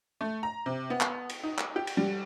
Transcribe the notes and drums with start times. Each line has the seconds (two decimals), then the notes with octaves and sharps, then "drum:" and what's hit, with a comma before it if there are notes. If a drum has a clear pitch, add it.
0.21 A3
0.43 A#5
0.66 C3
0.90 B3
1.01 drum: clap
1.30 drum: cymbal
1.43 D#4
1.58 drum: clap
1.76 G4
1.87 drum: cymbal
1.97 G3